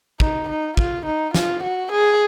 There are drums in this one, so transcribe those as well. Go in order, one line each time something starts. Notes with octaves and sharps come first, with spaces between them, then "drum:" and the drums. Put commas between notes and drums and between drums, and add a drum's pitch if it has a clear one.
D#4, drum: kick
D#4
F4, drum: kick
D#4
F4, drum: snare
F#4
G#4